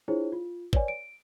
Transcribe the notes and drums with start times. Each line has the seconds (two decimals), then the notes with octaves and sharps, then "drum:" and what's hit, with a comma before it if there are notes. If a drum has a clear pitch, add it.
0.08 D4 E4 F4 G#4 C5 C#5
0.32 F4
0.73 B4 C#5 D5 G#5, drum: kick
0.88 D7